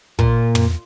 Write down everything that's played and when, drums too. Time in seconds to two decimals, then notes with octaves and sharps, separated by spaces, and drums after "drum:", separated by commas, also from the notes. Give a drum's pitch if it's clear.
0.19 A#2, drum: kick
0.55 drum: tom